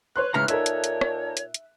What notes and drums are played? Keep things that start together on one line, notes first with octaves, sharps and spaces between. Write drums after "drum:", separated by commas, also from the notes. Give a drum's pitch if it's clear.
B4 C#5 C6 F#6
G#2 C#3 E3 A#5 F6
A#2 D#4 A4 A#4 C#5 E5, drum: hi-hat
drum: hi-hat
drum: hi-hat
drum: rim click
drum: hi-hat
drum: hi-hat